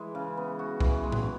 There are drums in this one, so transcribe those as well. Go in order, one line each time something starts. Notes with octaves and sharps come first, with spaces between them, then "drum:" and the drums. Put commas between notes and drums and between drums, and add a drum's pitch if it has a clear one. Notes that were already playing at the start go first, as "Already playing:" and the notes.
Already playing: E3 G#3
C#3
B3
F#4
E3, drum: kick
G#3
drum: tom A2